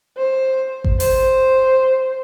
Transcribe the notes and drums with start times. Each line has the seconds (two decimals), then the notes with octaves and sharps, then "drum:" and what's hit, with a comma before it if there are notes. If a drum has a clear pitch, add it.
0.18 C5
0.84 drum: kick G#1
1.00 C5, drum: open hi-hat